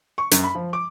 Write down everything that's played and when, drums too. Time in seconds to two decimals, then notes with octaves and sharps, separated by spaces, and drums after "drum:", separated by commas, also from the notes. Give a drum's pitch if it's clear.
0.18 C#6
0.31 F#2, drum: hi-hat
0.44 B5
0.55 F3
0.73 D6